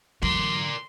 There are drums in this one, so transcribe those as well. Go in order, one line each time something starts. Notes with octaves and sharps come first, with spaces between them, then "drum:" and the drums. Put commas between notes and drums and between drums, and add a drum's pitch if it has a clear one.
G#2 D3 E3 F#3 A#4 D5 C6, drum: kick